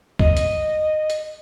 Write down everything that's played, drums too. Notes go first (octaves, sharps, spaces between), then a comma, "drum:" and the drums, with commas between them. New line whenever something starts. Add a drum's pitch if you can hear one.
D#5, drum: kick
drum: hi-hat
drum: hi-hat